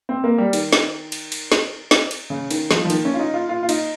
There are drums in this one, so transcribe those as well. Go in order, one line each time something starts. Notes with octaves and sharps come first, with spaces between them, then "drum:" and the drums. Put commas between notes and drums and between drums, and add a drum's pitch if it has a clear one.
C4
A#3
G3
D#3, drum: cymbal
drum: snare
drum: cymbal
drum: cymbal
drum: snare
drum: snare
drum: cymbal
C#3
D#3, drum: cymbal
F3, drum: snare
F3
D#3, drum: cymbal
C#4
F4
D#4
F4
F4
F4
D#4, drum: cymbal